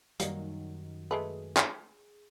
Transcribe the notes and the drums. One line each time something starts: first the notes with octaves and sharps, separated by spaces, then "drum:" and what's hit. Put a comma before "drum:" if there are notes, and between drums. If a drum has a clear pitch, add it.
F#2 D#3 F#3 G3 A#3 D#4, drum: hi-hat
G#3 A3 G#4 B4
drum: clap